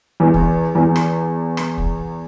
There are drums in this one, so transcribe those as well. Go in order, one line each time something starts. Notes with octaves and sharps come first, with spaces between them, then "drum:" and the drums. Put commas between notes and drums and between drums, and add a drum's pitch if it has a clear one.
E2
drum: kick
E2
drum: rim click
drum: rim click
drum: kick